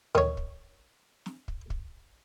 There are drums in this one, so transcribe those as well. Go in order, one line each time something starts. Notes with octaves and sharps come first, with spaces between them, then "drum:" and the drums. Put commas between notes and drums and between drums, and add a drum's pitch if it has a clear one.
D#3 C#5, drum: tom D2
drum: kick
drum: snare
drum: kick
drum: kick